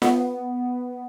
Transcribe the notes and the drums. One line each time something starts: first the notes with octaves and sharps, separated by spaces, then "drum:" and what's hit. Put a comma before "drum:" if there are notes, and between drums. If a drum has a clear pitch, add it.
B3, drum: snare F4